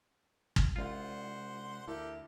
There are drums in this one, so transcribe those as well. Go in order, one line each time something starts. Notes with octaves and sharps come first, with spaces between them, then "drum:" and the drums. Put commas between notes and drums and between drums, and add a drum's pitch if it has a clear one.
drum: kick
C2 C3 G#3 C#4 F4 C5 F#5
D2 E4 G4 A4 A#4